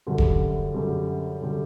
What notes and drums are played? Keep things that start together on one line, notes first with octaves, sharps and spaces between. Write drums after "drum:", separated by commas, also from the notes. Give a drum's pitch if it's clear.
F#2 D3 G3
drum: kick E1
F#2 D3 G3
D3 G3